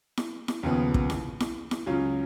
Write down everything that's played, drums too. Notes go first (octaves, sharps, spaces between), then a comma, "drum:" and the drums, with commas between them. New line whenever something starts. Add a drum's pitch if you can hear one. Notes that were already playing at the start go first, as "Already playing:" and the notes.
drum: snare E4
drum: snare E4
D#2 C#3 F3 B3
drum: kick
drum: snare E4
drum: snare E4
drum: snare E4
C#2 C#3 F#3 C#4 F4